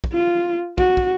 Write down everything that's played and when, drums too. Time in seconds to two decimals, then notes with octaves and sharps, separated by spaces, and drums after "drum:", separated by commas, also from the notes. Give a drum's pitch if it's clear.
0.04 drum: kick
0.13 F4
0.78 F#4, drum: kick
0.97 drum: kick